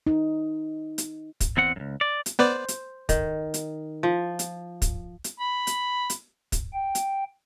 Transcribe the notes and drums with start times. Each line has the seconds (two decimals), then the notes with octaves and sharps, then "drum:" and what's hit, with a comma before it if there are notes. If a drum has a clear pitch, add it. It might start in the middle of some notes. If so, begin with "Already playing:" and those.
0.07 D#4
0.98 drum: hi-hat
1.40 drum: kick, hi-hat
1.57 E2 C4 F#5
1.76 C#2 F#2
2.01 D5
2.26 drum: hi-hat
2.39 B3 B4 C5 D5
2.68 drum: hi-hat
3.09 D#3, drum: kick, hi-hat
3.54 drum: hi-hat
4.03 F3
4.39 drum: hi-hat
4.82 drum: kick, hi-hat
5.24 drum: hi-hat
5.40 B5
5.67 drum: hi-hat
6.10 drum: hi-hat
6.52 drum: kick, hi-hat
6.74 G5
6.95 drum: hi-hat